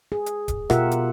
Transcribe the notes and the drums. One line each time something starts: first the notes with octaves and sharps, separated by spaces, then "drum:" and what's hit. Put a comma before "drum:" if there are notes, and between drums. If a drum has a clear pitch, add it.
G#4
drum: hi-hat
drum: kick, hi-hat
B2 F4 G4 A#4 E5 F#5, drum: rim click
drum: hi-hat